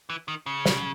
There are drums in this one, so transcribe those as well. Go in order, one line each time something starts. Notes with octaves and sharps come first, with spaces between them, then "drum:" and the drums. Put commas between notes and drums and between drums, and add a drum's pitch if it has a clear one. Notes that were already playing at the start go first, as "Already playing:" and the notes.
E3
D#3
C#3
drum: snare